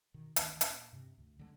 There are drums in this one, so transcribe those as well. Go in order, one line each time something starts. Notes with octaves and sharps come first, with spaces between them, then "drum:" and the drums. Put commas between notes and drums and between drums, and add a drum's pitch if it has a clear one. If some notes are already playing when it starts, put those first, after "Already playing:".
B2 D#3
G1 D2 D#3 E3, drum: hi-hat
A#2, drum: hi-hat
G2 C3
D2
D3 G3 G#3